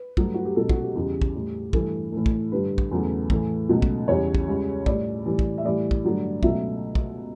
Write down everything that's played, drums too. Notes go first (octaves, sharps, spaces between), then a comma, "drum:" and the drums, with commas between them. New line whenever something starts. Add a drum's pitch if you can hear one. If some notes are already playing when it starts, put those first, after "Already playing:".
Already playing: B4
G2 F#3 A3, drum: kick
F#4
G4
C#2 B2 F#3 A4
F#4, drum: kick
G4
E2 C#3 G3 G4
drum: kick
A2 G3
G2 E3 A3 A4, drum: kick
A2 E3 A3
drum: kick
G2 D3 G3 B4
drum: kick
E2 C#3 F#3 A3
A2 E3 A3, drum: kick
C#2 B2 F#3 A3
drum: kick
E2 C#3 G3 C#5
drum: kick
C#2 C#3 G3
A2 G3 D5, drum: kick
A2 E3 G3
drum: kick
E5
A2 E3 G3 D5
drum: kick
G2 D3 F#3 A3
C#2 B2 F#3 A3 E5, drum: kick
drum: kick